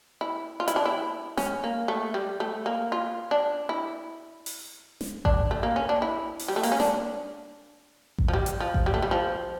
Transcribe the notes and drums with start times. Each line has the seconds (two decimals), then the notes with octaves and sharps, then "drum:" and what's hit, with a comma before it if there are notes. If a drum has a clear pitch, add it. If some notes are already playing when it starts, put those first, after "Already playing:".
0.21 E4
0.60 F4
0.68 E4, drum: hi-hat
0.76 D4
0.86 E4
1.37 C#4, drum: snare
1.64 A#3
1.88 A3
2.14 G3
2.40 A3
2.66 A#3
2.92 F4
3.31 D4
3.69 E4
4.46 drum: open hi-hat
5.01 drum: snare
5.25 D4, drum: kick A1
5.51 A3
5.63 A#3
5.76 C#4
5.89 D4
6.02 E4
6.39 drum: open hi-hat
6.48 G3
6.56 A3
6.63 A#3, drum: open hi-hat
6.72 C#4
6.80 D4, drum: snare
8.18 drum: kick A1
8.28 F3
8.33 G3
8.46 drum: hi-hat
8.60 F3
8.74 drum: kick A1
8.86 G3
8.94 A3
9.02 G3
9.11 F3